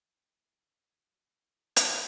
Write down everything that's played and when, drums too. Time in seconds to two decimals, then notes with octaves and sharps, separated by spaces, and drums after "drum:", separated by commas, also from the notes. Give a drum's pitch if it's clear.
0.17 G5
0.40 E4
0.58 D2
0.78 A3
0.96 F#3
1.26 D4
1.43 E4
1.76 drum: hi-hat